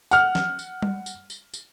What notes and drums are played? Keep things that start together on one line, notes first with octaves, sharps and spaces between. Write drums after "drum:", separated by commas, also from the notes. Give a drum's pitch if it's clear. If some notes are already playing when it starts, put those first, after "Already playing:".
F#5 F6, drum: tambourine
drum: snare
drum: tambourine
drum: tom G3
drum: tambourine
drum: tambourine
drum: tambourine